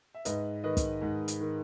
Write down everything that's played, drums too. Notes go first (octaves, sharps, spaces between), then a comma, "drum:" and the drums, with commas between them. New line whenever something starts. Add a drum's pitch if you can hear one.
E5
G#2 B4 D#5, drum: hi-hat
D#3 B4 D#5
drum: kick, hi-hat
G#2
drum: hi-hat
D#3